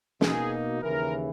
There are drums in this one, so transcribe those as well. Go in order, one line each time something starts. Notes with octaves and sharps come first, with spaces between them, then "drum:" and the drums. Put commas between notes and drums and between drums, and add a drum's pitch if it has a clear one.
B2 A#3 D#4 G#4, drum: snare
D#2 C#3 E3 A#4